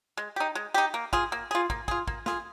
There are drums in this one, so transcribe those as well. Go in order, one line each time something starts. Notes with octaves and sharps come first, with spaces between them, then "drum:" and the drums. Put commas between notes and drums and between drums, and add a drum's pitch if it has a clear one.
G#3
D#4 G4
G#3
D#4 G4
A#3
F4 G#4, drum: kick
A#3
F4 G#4
A#3, drum: kick
F4 G#4, drum: kick
A#3, drum: kick
F4 G#4, drum: snare